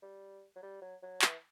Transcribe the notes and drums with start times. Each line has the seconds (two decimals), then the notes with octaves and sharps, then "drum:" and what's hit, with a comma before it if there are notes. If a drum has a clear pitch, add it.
0.03 G3
0.56 F#3
0.63 G3
0.82 F#3
1.03 F#3
1.22 E3, drum: clap